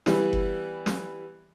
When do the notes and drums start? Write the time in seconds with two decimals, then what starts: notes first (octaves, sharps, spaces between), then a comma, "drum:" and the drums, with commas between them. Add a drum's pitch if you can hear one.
0.06 E3 G3 B3 E4, drum: snare
0.33 drum: kick F#1
0.86 drum: snare